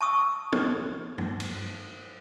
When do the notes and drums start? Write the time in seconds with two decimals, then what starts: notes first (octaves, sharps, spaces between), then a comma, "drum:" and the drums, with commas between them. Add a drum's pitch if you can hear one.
0.01 A5 C#6 D#6 E6
0.52 drum: tom
1.18 drum: tom G2
1.40 drum: cymbal